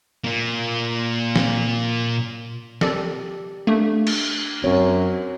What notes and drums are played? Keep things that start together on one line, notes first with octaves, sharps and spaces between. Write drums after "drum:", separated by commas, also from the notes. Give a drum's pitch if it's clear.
A#2 A#3
drum: snare
G4 A4 A#4 D5, drum: snare
A3 A#3 D4
drum: cymbal
F#2 C4 C#5